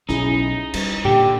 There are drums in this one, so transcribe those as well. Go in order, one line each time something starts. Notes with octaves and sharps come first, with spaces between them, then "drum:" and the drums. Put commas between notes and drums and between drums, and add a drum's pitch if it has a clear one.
B1 C#4 D#4 E4 G#4
G3, drum: cymbal
A#2 D3 G4